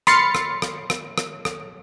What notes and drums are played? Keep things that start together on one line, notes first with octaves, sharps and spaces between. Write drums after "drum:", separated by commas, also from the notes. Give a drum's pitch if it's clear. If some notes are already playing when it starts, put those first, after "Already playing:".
B5 C6 F6 A6 C7 C#7, drum: rim click
drum: rim click
drum: rim click
drum: rim click
drum: rim click
drum: rim click